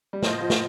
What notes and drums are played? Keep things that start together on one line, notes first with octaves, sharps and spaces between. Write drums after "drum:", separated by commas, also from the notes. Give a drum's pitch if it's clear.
G3
F3 B3 F4 C5 D#5, drum: snare
F3
drum: snare